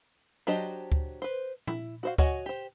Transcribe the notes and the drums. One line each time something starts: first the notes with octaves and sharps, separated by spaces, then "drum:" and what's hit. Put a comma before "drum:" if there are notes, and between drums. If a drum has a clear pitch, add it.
F#3 D4 G4 C5 D#5
drum: kick D2
B4 C5
E4, drum: tom A#2
F#4 C5 F5
F#4 C#5 D#5 F#5 G#5, drum: kick D2
G4 C5